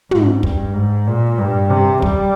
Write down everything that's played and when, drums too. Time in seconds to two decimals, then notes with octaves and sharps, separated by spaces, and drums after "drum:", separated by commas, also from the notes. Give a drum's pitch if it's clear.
0.11 G#2, drum: tom
0.43 G2, drum: kick
0.74 G#2
1.07 A#2
1.39 G2
1.70 C3
2.02 G3, drum: kick